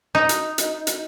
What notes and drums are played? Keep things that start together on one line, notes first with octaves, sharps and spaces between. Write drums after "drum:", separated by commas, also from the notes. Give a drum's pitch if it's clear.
D#4
drum: hi-hat
drum: hi-hat
drum: hi-hat